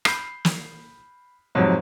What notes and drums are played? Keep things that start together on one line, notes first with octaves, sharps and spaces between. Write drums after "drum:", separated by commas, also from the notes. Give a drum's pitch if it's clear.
B5 G6 C7, drum: rim click
drum: snare
F2 G#2 C3 F#3 C4